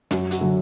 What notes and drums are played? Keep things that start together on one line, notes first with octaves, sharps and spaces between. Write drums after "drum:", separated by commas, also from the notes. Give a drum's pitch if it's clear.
F#2 F#4, drum: snare
F#4, drum: hi-hat
D3 F#3